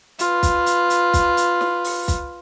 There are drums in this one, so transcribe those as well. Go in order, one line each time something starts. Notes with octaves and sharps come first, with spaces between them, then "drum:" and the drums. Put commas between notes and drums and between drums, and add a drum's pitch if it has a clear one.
F4 B4, drum: hi-hat
drum: kick, hi-hat
drum: hi-hat
drum: hi-hat
drum: kick, hi-hat
drum: hi-hat
drum: snare
drum: open hi-hat
drum: kick, hi-hat